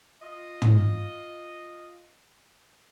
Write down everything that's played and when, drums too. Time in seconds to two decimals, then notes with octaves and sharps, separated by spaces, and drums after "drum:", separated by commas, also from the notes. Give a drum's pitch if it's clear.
0.22 F4 D#5
0.62 drum: tom